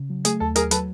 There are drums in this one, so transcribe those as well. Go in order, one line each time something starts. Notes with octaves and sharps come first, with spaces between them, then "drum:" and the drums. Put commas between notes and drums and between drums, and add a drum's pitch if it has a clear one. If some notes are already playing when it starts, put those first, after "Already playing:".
Already playing: C#3
F#3
A3 G#4, drum: hi-hat
D#2 A4
F#3 G#4 A#4, drum: hi-hat
F#3 A4 B4, drum: hi-hat